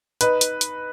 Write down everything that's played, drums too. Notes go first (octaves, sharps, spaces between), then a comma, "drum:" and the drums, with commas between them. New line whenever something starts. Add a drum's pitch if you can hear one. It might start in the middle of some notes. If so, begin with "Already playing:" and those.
D#4 B4, drum: hi-hat
drum: hi-hat
drum: hi-hat